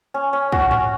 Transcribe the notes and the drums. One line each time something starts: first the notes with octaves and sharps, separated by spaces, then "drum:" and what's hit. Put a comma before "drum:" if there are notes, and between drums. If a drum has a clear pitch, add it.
C#4
C#4
F#4, drum: kick
C#4, drum: tom G#2